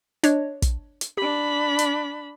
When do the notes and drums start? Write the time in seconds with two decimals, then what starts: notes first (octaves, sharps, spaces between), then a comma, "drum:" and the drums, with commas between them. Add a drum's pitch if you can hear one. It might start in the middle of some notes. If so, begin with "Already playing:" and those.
0.23 D4 C#5 D#5, drum: hi-hat
0.62 drum: kick, hi-hat
1.01 drum: hi-hat
1.17 D4 G4 B5
1.79 drum: hi-hat